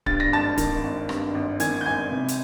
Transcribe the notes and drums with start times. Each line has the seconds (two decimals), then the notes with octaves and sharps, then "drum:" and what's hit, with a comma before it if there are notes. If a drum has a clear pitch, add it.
0.06 G2 A6, drum: kick D1
0.20 A#6
0.33 G#1 A5 A6
0.58 D#3, drum: kick D1, hi-hat
0.83 G#1
1.09 G2, drum: rim click
1.35 G#1
1.60 D#3 G#5 G#6, drum: hi-hat
1.81 G6
1.86 G#1 G#5 G#6
2.11 C3
2.28 drum: hi-hat